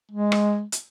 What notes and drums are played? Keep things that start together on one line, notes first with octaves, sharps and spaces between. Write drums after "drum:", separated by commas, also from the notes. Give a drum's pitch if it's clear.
G#3
drum: rim click
drum: hi-hat